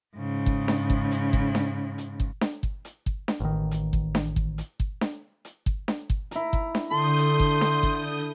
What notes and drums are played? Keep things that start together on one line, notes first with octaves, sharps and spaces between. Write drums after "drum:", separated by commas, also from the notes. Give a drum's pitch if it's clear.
G#2 C#3
drum: kick G1
drum: snare D4
drum: kick G1
drum: hi-hat
drum: kick G1
drum: snare D4
drum: hi-hat
drum: kick G1
drum: snare D4
drum: kick G1
drum: hi-hat
drum: kick G1
drum: snare D4
A1 D#3
drum: hi-hat
drum: kick G1
drum: snare D4
drum: kick G1
drum: hi-hat
drum: kick G1
drum: snare D4
drum: hi-hat
drum: kick G1
drum: snare D4
drum: kick G1
E4 A#5, drum: hi-hat
drum: kick G1
drum: snare D4
D3 A4 C6 D#6 G6
drum: hi-hat
drum: kick G1
drum: snare D4
drum: kick G1